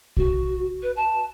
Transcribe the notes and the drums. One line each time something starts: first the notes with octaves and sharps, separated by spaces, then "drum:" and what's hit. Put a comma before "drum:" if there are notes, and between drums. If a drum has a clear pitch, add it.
F#4, drum: kick
B4
A5